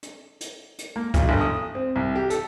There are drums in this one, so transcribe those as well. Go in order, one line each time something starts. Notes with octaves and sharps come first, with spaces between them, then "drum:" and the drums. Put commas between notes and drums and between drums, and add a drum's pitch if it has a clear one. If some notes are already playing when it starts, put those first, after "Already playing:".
drum: hi-hat
drum: hi-hat
drum: hi-hat
A#3
B1, drum: kick C#2, hi-hat
G1
D#6
C4
C2
G4
A4, drum: hi-hat